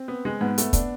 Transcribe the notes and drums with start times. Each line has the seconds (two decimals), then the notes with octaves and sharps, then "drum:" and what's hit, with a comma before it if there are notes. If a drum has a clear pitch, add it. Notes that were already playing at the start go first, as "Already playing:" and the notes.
Already playing: C4
0.08 B3
0.25 G#3
0.41 G#2 B3
0.58 A3, drum: hi-hat
0.73 D4, drum: kick, hi-hat